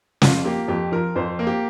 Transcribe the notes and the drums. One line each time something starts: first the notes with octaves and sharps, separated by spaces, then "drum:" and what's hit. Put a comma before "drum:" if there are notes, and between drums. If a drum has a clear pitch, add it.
F2 F4, drum: snare
A#3 G4
F2 G4
F3 A#4
F2 C5
A#3
G4